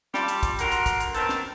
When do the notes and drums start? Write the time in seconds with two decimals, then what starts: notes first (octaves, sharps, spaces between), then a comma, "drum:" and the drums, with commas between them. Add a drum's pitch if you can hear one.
0.14 G3 F4 G4 D5 A5, drum: snare
0.28 drum: hi-hat
0.43 drum: kick, hi-hat
0.59 D3 F#4 A#4 A#5 C6, drum: hi-hat
0.72 drum: hi-hat
0.86 drum: kick, hi-hat
1.00 drum: hi-hat
1.15 D#3 B3 C4 A5, drum: hi-hat
1.29 drum: snare